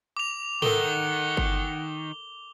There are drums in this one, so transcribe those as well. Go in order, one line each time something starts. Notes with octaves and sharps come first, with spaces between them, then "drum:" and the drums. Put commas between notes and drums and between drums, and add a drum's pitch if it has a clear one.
D6 F7
D#3 A4 A#4 F#5 G7, drum: tom G#2
drum: kick G1